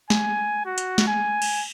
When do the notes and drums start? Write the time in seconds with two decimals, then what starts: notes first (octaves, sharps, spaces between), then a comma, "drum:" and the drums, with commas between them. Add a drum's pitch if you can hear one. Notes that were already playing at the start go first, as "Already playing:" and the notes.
0.10 G#5, drum: snare
0.66 F#4
0.78 drum: hi-hat
0.98 drum: snare
1.08 G#5
1.42 drum: cymbal